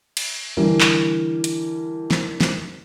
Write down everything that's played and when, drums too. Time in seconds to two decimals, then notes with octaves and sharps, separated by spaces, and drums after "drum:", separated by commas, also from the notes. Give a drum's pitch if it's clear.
0.17 drum: cymbal
0.57 D3 E3 G3 A#4
0.81 drum: clap
1.44 drum: hi-hat
2.11 drum: snare
2.41 drum: snare